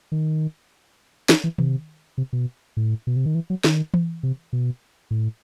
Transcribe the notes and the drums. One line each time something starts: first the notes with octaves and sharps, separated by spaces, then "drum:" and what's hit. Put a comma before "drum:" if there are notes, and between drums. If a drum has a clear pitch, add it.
D#3
E3, drum: snare
E3
C3, drum: tom D#3
C3
B2
A2
B2
C3
D#3
E3
F#3
D#3, drum: snare
drum: tom E3
C3
B2
A2